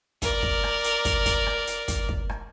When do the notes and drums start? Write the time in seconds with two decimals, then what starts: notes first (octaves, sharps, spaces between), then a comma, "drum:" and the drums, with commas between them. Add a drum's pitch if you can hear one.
0.22 A#4 D5, drum: kick, hi-hat
0.43 drum: kick
0.63 drum: rim click
0.84 drum: hi-hat
1.05 drum: kick, hi-hat
1.26 drum: kick, hi-hat
1.46 drum: rim click
1.67 drum: hi-hat
1.88 drum: kick, hi-hat
2.09 drum: kick
2.29 drum: rim click